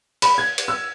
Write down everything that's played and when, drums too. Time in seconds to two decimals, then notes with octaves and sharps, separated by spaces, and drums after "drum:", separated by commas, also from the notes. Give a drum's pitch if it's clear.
0.22 B5, drum: cymbal
0.38 G#6
0.58 drum: cymbal
0.68 E6